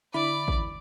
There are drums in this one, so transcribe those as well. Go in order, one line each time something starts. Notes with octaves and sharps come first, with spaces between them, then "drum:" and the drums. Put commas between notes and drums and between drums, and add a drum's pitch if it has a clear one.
D3 E4 D5 B5
drum: kick A1